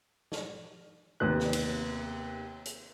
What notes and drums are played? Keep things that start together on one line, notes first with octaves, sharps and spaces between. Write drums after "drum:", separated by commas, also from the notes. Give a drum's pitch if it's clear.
drum: snare
D#2 C3 B3 F#6
drum: snare
drum: cymbal
drum: hi-hat